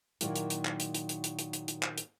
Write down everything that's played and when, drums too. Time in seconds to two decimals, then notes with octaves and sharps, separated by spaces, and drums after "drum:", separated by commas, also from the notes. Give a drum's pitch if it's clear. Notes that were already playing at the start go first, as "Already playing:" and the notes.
0.21 A#2 D#3 F#3 A#3 E4 A#4, drum: hi-hat
0.36 drum: hi-hat
0.50 drum: hi-hat
0.65 drum: clap
0.80 drum: hi-hat
0.94 drum: hi-hat
1.09 drum: hi-hat
1.24 drum: hi-hat
1.39 drum: hi-hat
1.53 drum: hi-hat
1.68 drum: hi-hat
1.83 drum: clap
1.98 drum: hi-hat